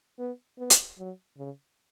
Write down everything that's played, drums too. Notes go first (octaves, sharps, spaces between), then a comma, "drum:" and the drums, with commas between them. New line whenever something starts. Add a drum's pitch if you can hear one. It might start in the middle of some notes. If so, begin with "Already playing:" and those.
B3
B3
drum: hi-hat
F#3
C#3